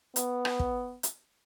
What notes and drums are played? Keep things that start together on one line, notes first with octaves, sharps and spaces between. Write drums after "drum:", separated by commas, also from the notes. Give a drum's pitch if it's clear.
B3, drum: hi-hat
drum: rim click
drum: kick
drum: hi-hat